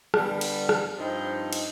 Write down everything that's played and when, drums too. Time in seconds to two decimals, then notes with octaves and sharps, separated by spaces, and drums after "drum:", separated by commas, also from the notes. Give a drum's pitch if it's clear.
0.14 D3 G3 B3, drum: rim click
0.41 drum: cymbal
0.69 drum: rim click
0.97 G2 F3 C4 D#4
1.53 drum: cymbal